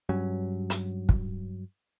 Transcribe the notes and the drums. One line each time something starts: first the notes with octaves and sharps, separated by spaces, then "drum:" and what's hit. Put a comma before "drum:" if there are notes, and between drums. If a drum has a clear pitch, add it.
G2 F#3 C#4
drum: hi-hat
drum: kick